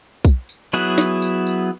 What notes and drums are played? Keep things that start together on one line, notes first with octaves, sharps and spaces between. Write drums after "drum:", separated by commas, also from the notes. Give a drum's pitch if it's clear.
drum: kick B1, tambourine
drum: tambourine
F#3 B3 E4 G#4 F#6, drum: tambourine
drum: snare
drum: tambourine
drum: tambourine